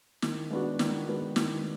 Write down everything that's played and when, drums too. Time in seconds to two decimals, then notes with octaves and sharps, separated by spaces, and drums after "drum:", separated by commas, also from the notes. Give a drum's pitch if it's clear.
0.22 D#3, drum: snare
0.50 G#3 B3 D4 F#4
0.79 D#3, drum: snare
1.07 G#3 B3 D4 F#4
1.36 D#3, drum: snare